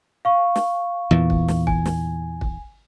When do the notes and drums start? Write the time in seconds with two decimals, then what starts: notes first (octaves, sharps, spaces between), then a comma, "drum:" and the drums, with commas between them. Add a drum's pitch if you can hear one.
0.25 F5 C#6
0.56 drum: snare
1.11 E2 A#2 E3
1.30 drum: kick
1.48 drum: snare
1.67 G#5, drum: kick
1.86 drum: snare
2.41 drum: kick